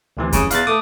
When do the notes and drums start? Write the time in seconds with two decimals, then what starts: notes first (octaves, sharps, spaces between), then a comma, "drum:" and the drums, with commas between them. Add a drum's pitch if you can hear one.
0.17 D2 C3 E3
0.32 C#3, drum: kick F2, hi-hat
0.51 E2 F5 F#6 A6, drum: hi-hat
0.67 A3 D6 D#6